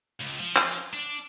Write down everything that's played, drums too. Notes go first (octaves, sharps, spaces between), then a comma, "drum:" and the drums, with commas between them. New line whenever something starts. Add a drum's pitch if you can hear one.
C#2
F3
drum: clap
D4